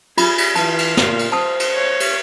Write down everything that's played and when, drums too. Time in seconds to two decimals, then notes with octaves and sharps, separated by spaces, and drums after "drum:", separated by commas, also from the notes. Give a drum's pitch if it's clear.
0.18 F4 G#4 B5, drum: cymbal
0.38 drum: cymbal
0.55 E3 F4 A5, drum: cymbal
0.78 drum: cymbal
0.97 A#2, drum: snare
1.19 drum: cymbal
1.32 C5 A5 D#6
1.60 drum: cymbal
1.75 C#5
2.00 drum: cymbal